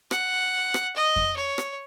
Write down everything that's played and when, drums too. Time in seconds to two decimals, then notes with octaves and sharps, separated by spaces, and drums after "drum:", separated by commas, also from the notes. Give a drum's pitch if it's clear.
0.11 F#5, drum: rim click
0.74 drum: rim click
0.96 D#5
1.16 drum: kick F2
1.36 C#5
1.58 drum: rim click